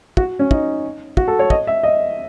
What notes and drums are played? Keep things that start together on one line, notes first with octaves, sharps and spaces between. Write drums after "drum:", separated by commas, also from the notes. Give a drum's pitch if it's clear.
F#4, drum: kick
C#4
D#4, drum: kick
F#4, drum: kick
A4
C#5
D#5, drum: kick
E5
D#5